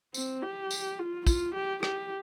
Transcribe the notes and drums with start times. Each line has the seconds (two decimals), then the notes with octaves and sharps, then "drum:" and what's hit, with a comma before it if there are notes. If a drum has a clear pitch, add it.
0.14 C4, drum: tambourine
0.42 G4
0.71 drum: tambourine
0.99 F4
1.27 F4, drum: kick, tambourine
1.55 G4
1.83 G4, drum: rim click